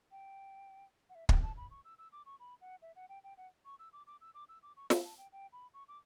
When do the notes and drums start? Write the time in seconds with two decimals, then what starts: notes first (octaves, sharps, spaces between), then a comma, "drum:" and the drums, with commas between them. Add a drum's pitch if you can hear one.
0.11 G5
1.09 F#5
1.15 E5
1.29 G5, drum: kick
1.42 A5
1.57 B5
1.71 C#6
1.85 E6
1.98 E6
2.12 D6
2.26 C#6
2.40 B5
2.61 F#5
2.82 E5
2.96 F#5
3.09 G5
3.24 G5
3.37 F#5
3.65 C#6
3.79 E6
3.93 D6
4.07 D6
4.21 E6
4.34 D6
4.49 E6
4.63 D6
4.77 C#6
4.90 B5, drum: snare
5.04 A5
5.18 G5
5.32 G5
5.53 B5
5.74 C#6
5.88 D6